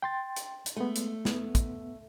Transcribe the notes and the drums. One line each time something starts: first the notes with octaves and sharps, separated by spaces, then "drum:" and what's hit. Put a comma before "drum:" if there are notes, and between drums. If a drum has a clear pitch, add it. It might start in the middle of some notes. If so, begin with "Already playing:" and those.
G5 C6 A6
drum: hi-hat
drum: hi-hat
G#3 A3 B3
drum: hi-hat
B3, drum: snare
drum: kick, hi-hat